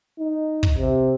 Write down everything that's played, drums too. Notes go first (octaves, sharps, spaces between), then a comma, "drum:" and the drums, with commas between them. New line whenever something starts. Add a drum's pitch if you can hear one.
D#4
drum: kick
C3